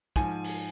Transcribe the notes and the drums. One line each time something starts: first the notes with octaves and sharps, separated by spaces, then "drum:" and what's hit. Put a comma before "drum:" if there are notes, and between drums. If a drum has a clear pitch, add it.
G#2 F3 G#5, drum: kick, hi-hat
drum: open hi-hat